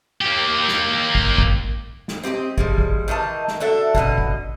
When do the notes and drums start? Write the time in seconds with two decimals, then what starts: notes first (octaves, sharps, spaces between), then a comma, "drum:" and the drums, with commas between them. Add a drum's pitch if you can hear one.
0.21 A#3 G4
0.68 drum: snare
1.15 drum: kick
1.38 drum: kick
2.08 drum: snare
2.24 C4 G4 G#4 D#5
2.58 F3 G3 G#3, drum: kick
2.78 drum: kick
3.08 D#3 E3 D#5 A5
3.48 drum: snare
3.60 D4 F#4 A4 E5
3.95 B2 D3 A4 D#5, drum: kick
4.18 drum: kick